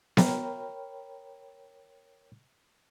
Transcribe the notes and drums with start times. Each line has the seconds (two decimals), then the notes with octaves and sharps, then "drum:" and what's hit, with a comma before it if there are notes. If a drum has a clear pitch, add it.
0.17 A#4 C#5 G5 A#5 B5 F6, drum: snare B3